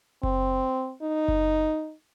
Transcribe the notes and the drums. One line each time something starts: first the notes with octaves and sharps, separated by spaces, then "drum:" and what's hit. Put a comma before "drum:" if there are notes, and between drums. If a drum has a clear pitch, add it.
C4, drum: kick F#1
D#4
drum: kick F#1